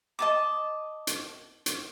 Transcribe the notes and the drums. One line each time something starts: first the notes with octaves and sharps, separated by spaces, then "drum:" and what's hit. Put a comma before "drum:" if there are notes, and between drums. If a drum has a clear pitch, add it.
D#5 A5 D6
drum: hi-hat
drum: hi-hat